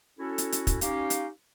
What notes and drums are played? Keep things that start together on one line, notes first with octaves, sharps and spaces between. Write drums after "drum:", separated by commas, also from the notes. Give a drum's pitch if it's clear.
C#4 E4 F#4 A4
drum: hi-hat
drum: hi-hat
drum: kick, hi-hat
C#4 D#4 G4 F5, drum: hi-hat
drum: hi-hat